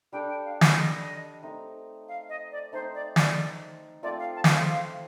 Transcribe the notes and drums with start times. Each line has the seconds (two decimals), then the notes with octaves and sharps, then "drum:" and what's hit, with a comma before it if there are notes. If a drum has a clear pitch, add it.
0.12 G3 D4 A4 G5
0.28 G5
0.45 F5
0.61 G5, drum: snare
0.77 D#5
1.42 A3 C4 D#4
2.08 F5
2.29 D#5
2.51 D5
2.72 A3 C4 D#4 C5
2.94 D5
3.16 D5, drum: snare
4.02 F3 A3 C4 D5
4.19 F5
4.35 A5
4.44 D#5, drum: snare
4.52 F5
4.68 F5